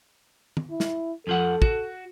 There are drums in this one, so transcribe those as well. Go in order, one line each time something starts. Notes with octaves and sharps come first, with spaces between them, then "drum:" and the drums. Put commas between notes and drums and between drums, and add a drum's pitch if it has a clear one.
drum: tom
E4
drum: snare
F2 F3 A4 F#5
F#4, drum: kick